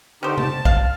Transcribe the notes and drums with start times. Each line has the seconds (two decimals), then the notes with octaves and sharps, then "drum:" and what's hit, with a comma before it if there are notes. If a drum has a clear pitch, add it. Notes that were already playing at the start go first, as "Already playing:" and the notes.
0.23 D3 C#4 D#4 G4 C5
0.38 A5, drum: tom C3
0.65 F5, drum: kick